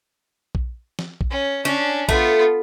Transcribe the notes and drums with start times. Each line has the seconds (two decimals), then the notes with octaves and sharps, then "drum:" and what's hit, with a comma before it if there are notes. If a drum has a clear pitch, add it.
0.55 drum: kick A#1
0.99 drum: snare
1.21 drum: kick A#1
1.30 C#4
1.65 C#4 D4
2.09 A3 B3 F4, drum: kick A#1